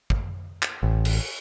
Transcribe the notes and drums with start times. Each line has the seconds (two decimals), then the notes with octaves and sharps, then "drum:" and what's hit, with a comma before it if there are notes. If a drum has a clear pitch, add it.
0.10 drum: kick
0.62 drum: clap
0.83 A1
1.05 drum: cymbal